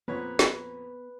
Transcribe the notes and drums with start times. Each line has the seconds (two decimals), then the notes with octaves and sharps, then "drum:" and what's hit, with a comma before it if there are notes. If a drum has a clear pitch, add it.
0.08 F2 A#2 B3 B4 C#5
0.39 drum: snare